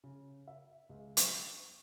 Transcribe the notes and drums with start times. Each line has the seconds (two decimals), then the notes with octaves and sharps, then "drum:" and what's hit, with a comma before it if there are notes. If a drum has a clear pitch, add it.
0.04 C#3
0.48 E5
0.89 C#2
1.17 C#6, drum: hi-hat